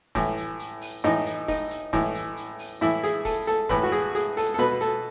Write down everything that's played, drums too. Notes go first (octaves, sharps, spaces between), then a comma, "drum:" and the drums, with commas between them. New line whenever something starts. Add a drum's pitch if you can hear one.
A2 E3, drum: kick, hi-hat
drum: hi-hat
drum: hi-hat
drum: open hi-hat
A2 E3 D#4, drum: hi-hat
drum: hi-hat
D#4, drum: kick, open hi-hat
drum: hi-hat
A2 E3, drum: kick, hi-hat
drum: hi-hat
drum: hi-hat
drum: open hi-hat
A2 E3 E4, drum: hi-hat
G#4, drum: hi-hat
A4, drum: kick, open hi-hat
A4, drum: hi-hat
A2 E3 B4, drum: kick, hi-hat
F#4
G#4, drum: hi-hat
G#4, drum: hi-hat
A4, drum: open hi-hat
A4
B2 B4, drum: hi-hat
A4, drum: hi-hat